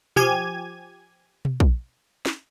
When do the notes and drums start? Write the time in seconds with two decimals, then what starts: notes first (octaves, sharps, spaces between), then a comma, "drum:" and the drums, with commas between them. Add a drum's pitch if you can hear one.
0.16 F3 G4 G#5 G#6, drum: tom B2
1.45 drum: tom B2
1.60 drum: kick
2.26 drum: snare